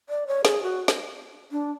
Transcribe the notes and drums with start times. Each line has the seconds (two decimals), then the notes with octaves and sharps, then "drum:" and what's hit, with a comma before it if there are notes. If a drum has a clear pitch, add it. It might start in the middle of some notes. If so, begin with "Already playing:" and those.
0.09 D5
0.27 C#5
0.45 G#4, drum: snare
0.63 F#4
0.88 drum: snare
1.52 D4